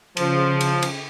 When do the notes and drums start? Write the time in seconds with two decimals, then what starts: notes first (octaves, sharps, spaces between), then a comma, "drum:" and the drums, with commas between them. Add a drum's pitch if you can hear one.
0.17 C#3 F3, drum: cymbal
0.61 drum: cymbal
0.82 drum: cymbal